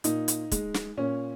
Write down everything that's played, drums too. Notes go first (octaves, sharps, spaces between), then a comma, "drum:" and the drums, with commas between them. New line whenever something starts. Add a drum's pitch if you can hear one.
A#2 D#4, drum: hi-hat
drum: hi-hat
G#3, drum: kick, hi-hat
drum: snare
A#2 C#4